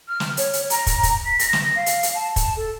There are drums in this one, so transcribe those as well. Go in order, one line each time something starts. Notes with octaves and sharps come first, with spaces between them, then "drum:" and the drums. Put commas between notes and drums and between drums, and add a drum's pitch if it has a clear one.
F6
drum: snare
C#5, drum: hi-hat
drum: hi-hat
A#5, drum: hi-hat
drum: kick, hi-hat
drum: kick, hi-hat
B6
A#6, drum: hi-hat
drum: snare
F5
drum: hi-hat
drum: hi-hat
A5
drum: kick, hi-hat
A4